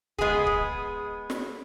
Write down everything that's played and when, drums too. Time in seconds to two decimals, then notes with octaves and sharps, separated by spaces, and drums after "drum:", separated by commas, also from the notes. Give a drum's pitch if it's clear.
0.18 G#3 B3 G#4, drum: kick
0.46 drum: kick
1.30 drum: snare